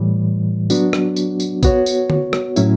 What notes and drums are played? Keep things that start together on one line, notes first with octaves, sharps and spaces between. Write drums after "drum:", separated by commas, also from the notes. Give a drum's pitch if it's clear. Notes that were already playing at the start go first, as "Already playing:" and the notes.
Already playing: A2 E3 G3
F#3 B3 D4 F#4, drum: tambourine
drum: rim click
drum: tambourine
drum: tambourine
B3 F#4 C#5, drum: kick, tambourine
drum: tambourine
drum: tom D3
drum: rim click
A2 F#3 C#4 E4, drum: tambourine